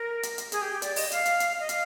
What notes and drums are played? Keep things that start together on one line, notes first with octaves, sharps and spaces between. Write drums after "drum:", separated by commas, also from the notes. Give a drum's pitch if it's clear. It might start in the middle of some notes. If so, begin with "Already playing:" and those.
Already playing: A#4
drum: hi-hat
drum: hi-hat
G#4, drum: hi-hat
G4
G4
D5, drum: hi-hat
D#5, drum: open hi-hat
F5, drum: hi-hat
drum: hi-hat
drum: hi-hat
D#5
F5, drum: hi-hat